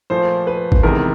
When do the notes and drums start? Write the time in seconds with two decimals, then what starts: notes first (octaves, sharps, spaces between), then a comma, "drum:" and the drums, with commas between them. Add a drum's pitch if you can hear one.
0.10 A#2 F3 A3 C5
0.47 B4
0.72 drum: kick G#1
0.83 E2 C3 D#3 G#3 B3 A#4